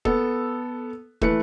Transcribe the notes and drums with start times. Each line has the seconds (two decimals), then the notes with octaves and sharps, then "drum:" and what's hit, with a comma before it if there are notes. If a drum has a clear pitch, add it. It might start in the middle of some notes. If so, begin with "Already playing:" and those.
0.05 B3 A4, drum: kick
1.21 E3 A3 B4 C#7, drum: kick